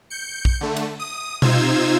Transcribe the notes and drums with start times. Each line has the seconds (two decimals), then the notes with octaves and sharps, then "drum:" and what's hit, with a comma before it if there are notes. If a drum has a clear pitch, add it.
0.10 G6 C#7
0.45 drum: kick
0.61 D3 A3
0.77 drum: cymbal
0.99 D#6
1.42 C3 D#4 F4 C5 E6 G#6, drum: tom B2